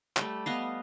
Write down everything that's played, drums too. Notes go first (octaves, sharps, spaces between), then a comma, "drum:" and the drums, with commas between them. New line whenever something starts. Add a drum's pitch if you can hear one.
G3 A3, drum: clap
B3 D#5 F5